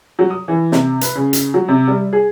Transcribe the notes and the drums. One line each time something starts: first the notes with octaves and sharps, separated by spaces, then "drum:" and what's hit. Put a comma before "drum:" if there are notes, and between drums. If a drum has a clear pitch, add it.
F#3
D#6
E3
C3, drum: snare
B4, drum: hi-hat
C#3
drum: hi-hat
F#3
C3
G3
G#4